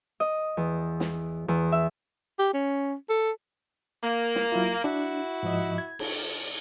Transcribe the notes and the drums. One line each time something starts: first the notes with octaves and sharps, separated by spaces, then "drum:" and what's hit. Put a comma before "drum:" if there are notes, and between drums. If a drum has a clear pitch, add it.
D#5
E2
drum: snare
E2
E5
G4
C#4
A4
A#3
drum: snare
F#3 E4 F4
D4 E4 F#4
G#2 F3 D#5
G#6
drum: cymbal